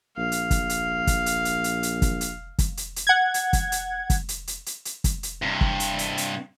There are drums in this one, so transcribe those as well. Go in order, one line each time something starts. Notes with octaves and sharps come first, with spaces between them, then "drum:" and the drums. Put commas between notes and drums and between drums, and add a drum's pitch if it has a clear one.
A#1 F5
drum: hi-hat
drum: kick, hi-hat
drum: hi-hat
drum: kick, hi-hat
drum: hi-hat
drum: hi-hat
drum: hi-hat
drum: hi-hat
drum: kick, hi-hat
drum: hi-hat
drum: kick, hi-hat
drum: hi-hat
drum: hi-hat
F#5 G#6
drum: hi-hat
drum: kick, hi-hat
drum: hi-hat
drum: kick, hi-hat
drum: hi-hat
drum: hi-hat
drum: hi-hat
drum: hi-hat
drum: kick, hi-hat
drum: hi-hat
G2 C3
drum: kick
drum: hi-hat
drum: hi-hat
drum: hi-hat